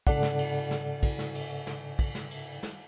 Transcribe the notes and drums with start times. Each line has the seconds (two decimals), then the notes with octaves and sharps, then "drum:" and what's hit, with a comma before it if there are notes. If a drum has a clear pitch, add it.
0.07 G#2 C#3 A4 D5 F#5, drum: kick, cymbal
0.23 drum: snare
0.39 drum: cymbal
0.71 drum: snare
1.03 drum: kick, cymbal
1.19 drum: snare
1.35 drum: cymbal
1.67 drum: snare
1.99 drum: kick, cymbal
2.15 drum: snare
2.31 drum: cymbal
2.63 drum: snare